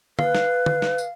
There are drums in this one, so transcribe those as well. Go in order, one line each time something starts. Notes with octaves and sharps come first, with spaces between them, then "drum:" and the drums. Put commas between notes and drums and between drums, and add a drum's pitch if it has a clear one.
B4 F5, drum: tom
drum: snare
drum: tom
drum: snare
drum: tambourine